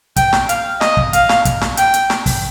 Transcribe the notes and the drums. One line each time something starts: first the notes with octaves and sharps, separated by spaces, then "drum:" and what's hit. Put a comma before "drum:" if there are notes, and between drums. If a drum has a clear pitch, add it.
G5, drum: kick, hi-hat
drum: snare
F5, drum: hi-hat
D#5, drum: snare
drum: kick
F5, drum: hi-hat
drum: snare
drum: kick, hi-hat
drum: snare
G5, drum: hi-hat
drum: hi-hat
drum: snare
drum: kick, open hi-hat